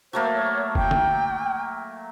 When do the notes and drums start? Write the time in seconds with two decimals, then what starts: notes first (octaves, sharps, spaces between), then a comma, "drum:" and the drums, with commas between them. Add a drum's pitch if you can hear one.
0.13 F#3 A3 A#3 C5
0.34 C#5
0.75 G5, drum: kick
0.91 drum: tom